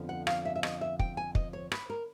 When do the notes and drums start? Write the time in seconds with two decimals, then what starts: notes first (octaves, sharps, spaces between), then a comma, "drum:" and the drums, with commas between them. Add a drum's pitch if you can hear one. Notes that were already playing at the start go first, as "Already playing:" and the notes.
Already playing: F2 D3 F3 B3
0.09 F#5
0.27 F5, drum: rim click
0.45 E5
0.56 E5
0.63 D#5, drum: rim click
0.81 E5
0.99 G5, drum: kick
1.17 G#5
1.35 D#5, drum: kick
1.53 C#5
1.72 B4, drum: rim click
1.90 A#4